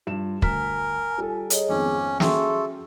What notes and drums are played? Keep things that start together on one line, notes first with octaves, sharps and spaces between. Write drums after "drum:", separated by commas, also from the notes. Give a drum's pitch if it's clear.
G2 F4 E7
D2 A#4 G#5 B6, drum: kick
G3 F4 A4
G#4 C#5 D#5, drum: hi-hat
G#1 F2 B3 C#4 D6
C#4 F#4 G#4 A4 E5 G5 C6 C#6, drum: snare